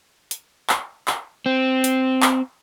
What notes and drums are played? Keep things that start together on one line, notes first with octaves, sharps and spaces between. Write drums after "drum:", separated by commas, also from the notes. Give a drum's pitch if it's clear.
drum: hi-hat
drum: clap
drum: clap
C4
drum: hi-hat
drum: clap